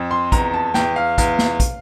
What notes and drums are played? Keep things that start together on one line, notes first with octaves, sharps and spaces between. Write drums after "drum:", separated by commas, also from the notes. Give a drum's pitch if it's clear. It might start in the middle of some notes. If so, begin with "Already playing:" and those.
Already playing: F2
C6
E2 A#5, drum: kick, hi-hat
A5
E2 G5, drum: snare
F5
E2, drum: kick, hi-hat
drum: snare
drum: kick, hi-hat